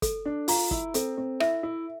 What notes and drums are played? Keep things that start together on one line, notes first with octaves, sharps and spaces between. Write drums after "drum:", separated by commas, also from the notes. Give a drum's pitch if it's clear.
A4, drum: kick, hi-hat
D4
F4 A#5, drum: open hi-hat
E4, drum: kick
C4 A4, drum: hi-hat
C4
E4 E5, drum: rim click
E4